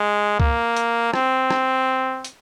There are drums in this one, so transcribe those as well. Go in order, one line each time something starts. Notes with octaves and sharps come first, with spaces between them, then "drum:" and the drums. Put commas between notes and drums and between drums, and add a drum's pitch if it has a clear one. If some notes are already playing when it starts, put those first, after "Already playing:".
Already playing: G#3
A#3, drum: kick C#2
drum: hi-hat
C4, drum: rim click
drum: rim click
drum: hi-hat